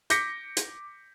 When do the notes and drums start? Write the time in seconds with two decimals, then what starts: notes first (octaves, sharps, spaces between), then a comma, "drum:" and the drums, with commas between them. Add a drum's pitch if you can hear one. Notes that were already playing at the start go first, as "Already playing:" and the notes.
0.10 D6 G6 A#6 B6 C#7, drum: hi-hat
0.57 drum: hi-hat